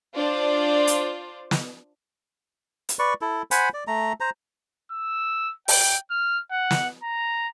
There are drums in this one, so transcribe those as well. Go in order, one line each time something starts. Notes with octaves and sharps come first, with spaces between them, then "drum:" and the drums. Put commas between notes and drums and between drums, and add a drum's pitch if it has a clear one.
D4 F4 C5 D5
drum: hi-hat
drum: snare
drum: hi-hat
B4 D5 C#6
E4 A4
C5 F#5 G#5 B5, drum: hi-hat
D5
A3 A#5
C5 A#5
E6
G5, drum: open hi-hat
F6
F#5
drum: snare
A#5